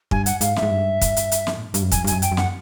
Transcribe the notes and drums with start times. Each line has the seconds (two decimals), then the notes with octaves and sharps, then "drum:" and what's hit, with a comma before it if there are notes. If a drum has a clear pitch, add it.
0.11 G2 G#5, drum: kick
0.26 F#5, drum: hi-hat
0.41 G#2 F5, drum: hi-hat
0.56 E5, drum: snare
0.62 G#2
0.71 G2
1.01 drum: kick, hi-hat
1.17 drum: hi-hat
1.32 drum: hi-hat
1.47 drum: snare
1.56 A2
1.65 G#2
1.74 G2, drum: hi-hat
1.82 F#2
1.92 F2 G#5, drum: kick, hi-hat
2.04 G2
2.07 G#5, drum: hi-hat
2.12 F#2
2.22 G5, drum: hi-hat
2.32 F#2
2.37 F#5, drum: snare